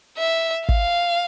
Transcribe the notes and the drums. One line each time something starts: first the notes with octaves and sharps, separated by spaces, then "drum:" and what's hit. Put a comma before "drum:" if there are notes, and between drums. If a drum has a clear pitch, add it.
E5
F5, drum: kick